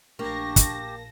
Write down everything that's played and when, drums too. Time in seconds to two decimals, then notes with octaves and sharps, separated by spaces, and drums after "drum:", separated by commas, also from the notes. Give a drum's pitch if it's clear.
0.19 A#1 A#3 D4 G4 A5 C#6 A#6
0.56 drum: kick, hi-hat